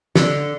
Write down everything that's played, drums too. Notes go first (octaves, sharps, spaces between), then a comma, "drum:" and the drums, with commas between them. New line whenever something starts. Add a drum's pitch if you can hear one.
D3, drum: snare